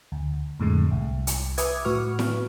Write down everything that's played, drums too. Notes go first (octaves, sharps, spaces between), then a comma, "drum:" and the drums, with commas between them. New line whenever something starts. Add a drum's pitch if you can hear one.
D2
F2 A2 D3 G#3
C2
drum: hi-hat
B4 E5 D6 D#6 G#6, drum: hi-hat
A2 F#4 B4 C#6 F6
drum: snare E4